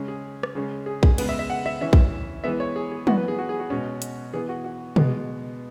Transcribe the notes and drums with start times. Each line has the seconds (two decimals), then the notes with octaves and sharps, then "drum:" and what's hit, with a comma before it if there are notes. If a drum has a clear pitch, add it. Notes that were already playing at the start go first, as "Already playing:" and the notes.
Already playing: C#3 G#3 C#4
0.08 G#4
0.43 drum: rim click
0.55 C#3 G#3 C#4
0.86 G#4
1.03 G#4, drum: kick A#1
1.18 C#3 G#3 B3 B4, drum: cymbal
1.29 E5
1.39 E5
1.50 F#5
1.66 E5
1.81 E3 C#4 E5
1.93 drum: kick A#1
2.44 E3 G#3 B3 E5
2.60 C#5
2.76 G#4
2.92 G#4
3.07 E3 B3 F#4, drum: tom
3.17 B4
3.28 G#4
3.39 F#4
3.49 G#4
3.60 F#4
3.70 B2 G#3 C#4
4.02 drum: hi-hat
4.34 E3 B3 G#4
4.49 F#4
4.64 F#4
4.96 B2 G#3 B3, drum: tom